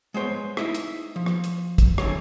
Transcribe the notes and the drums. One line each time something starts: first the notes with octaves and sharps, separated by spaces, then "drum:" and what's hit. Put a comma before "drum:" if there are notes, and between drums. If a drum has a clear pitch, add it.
G#3 B3 C5 C#5
D#4 E4 D#5 E5, drum: rim click
drum: hi-hat
F3
drum: rim click
drum: hi-hat
drum: kick, hi-hat
D3 E3 F#3 C#5, drum: rim click